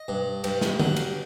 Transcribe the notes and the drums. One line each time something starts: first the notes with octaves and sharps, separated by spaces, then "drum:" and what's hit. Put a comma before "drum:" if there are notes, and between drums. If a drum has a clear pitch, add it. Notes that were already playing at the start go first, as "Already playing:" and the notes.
Already playing: D#5
G2
G2, drum: cymbal
drum: snare
F#3, drum: tom
drum: cymbal